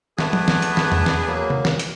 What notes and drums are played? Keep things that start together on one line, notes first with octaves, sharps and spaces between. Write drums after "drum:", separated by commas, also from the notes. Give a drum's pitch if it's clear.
A3 B3 D4 G#4, drum: snare
drum: tom F3
drum: snare
drum: hi-hat
drum: snare
drum: tom E2
drum: snare
F#3 A#3
drum: tom C3
drum: snare
drum: hi-hat